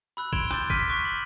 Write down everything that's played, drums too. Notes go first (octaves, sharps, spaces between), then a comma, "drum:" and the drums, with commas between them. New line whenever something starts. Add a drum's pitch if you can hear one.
B5 E6 F#6
C6 G#6 D7 E7 F7 G7, drum: kick
C6 D6 G6 A6, drum: rim click
C6 D6 F6 B6 D#7, drum: kick
C#6 D6 F#6
F#7